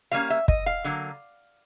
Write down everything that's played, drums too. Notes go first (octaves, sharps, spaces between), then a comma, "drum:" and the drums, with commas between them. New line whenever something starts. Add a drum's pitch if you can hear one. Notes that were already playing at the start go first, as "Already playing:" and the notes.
B2 G3 A#3 C#4 F5
E5
D#5, drum: kick
F5
D3 F#3 A#3